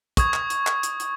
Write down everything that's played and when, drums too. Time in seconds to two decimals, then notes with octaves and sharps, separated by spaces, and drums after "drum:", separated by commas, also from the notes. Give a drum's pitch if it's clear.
0.17 C#6 D#6 G#6, drum: kick, hi-hat
0.34 drum: clap
0.50 drum: hi-hat
0.67 drum: clap
0.83 drum: hi-hat
1.00 drum: hi-hat